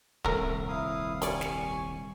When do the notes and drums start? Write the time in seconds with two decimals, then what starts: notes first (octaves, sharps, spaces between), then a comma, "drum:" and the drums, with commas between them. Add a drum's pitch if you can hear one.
0.25 D#1 C2 A3 A#4, drum: kick
0.68 E4 F5 D#6
1.22 G3 D5 G#5 C#6, drum: hi-hat
1.41 drum: snare